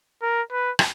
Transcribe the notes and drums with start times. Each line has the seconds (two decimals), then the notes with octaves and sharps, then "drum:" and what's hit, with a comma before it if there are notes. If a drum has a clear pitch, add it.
0.22 A#4
0.51 B4
0.79 drum: rim click